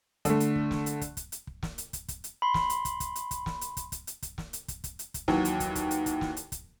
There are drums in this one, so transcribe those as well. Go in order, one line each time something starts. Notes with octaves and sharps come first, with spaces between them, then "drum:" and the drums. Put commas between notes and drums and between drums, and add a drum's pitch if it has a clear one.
D3 A3, drum: kick, hi-hat
drum: hi-hat
drum: kick
drum: snare
drum: hi-hat
drum: kick, hi-hat
drum: kick, hi-hat
drum: hi-hat
drum: kick
drum: snare
drum: hi-hat
drum: kick, hi-hat
drum: kick, hi-hat
drum: hi-hat
B5 C6
drum: snare
drum: hi-hat
drum: kick, hi-hat
drum: kick, hi-hat
drum: hi-hat
drum: kick, hi-hat
drum: snare
drum: hi-hat
drum: kick, hi-hat
drum: kick, hi-hat
drum: hi-hat
drum: kick, hi-hat
drum: snare
drum: hi-hat
drum: kick, hi-hat
drum: kick, hi-hat
drum: hi-hat
drum: kick, hi-hat
D#2 E3 F#3, drum: snare
drum: hi-hat
drum: kick, hi-hat
drum: kick, hi-hat
drum: hi-hat
drum: kick, hi-hat
drum: snare
drum: hi-hat
drum: kick, hi-hat